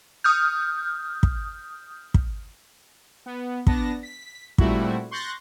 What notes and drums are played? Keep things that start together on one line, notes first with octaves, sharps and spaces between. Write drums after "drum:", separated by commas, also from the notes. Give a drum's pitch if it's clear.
D#6 F6 G6
drum: kick
drum: kick
B3
B3 D4 A5 A#6, drum: kick
B6
A#2 G3 A3 C4 E4 F#4, drum: kick
C6 C#6 F#6 G6 A6 A#6